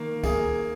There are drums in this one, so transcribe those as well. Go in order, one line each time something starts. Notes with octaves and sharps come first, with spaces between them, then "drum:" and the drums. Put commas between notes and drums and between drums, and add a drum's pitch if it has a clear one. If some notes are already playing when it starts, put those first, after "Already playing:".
Already playing: D#3 A#3
A#3 G#4, drum: kick, tambourine